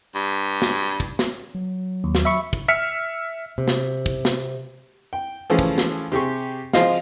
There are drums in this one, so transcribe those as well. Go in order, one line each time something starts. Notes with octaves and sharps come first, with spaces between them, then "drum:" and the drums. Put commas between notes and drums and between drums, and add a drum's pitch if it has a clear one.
G2
drum: snare
drum: kick
drum: snare
F#3
D#2
drum: snare
E5 B5 C#6
drum: kick
E5 F6 B6 C#7
C3
drum: snare
drum: kick
drum: snare
G5
E3 F3 A3 C#4 G#4
drum: kick
drum: snare
C3 G4 G#4 C#6
F3 G#3 C4 F4 D#5 F5, drum: snare